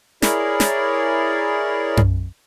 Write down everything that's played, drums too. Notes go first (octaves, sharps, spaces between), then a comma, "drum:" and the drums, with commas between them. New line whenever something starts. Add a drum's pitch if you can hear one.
E4 G#4 A#4 C#5 D5, drum: snare
drum: snare
drum: tom F#2